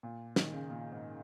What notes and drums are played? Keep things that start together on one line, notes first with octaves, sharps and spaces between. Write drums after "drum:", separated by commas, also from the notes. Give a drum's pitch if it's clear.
A#2
D#3, drum: snare
C#3
A#2
G#2